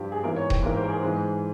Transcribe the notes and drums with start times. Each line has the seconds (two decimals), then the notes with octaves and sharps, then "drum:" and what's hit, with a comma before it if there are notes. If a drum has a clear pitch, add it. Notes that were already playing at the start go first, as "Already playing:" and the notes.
Already playing: G2 F3 G4
0.12 G#4
0.23 G#2 E3 A#3 A#4
0.36 C#5
0.50 G5, drum: kick D#1
0.62 G#2 E3 A#3 A#4
0.76 C5
0.84 A#4
0.89 G#4
1.03 G#2 E3 G#3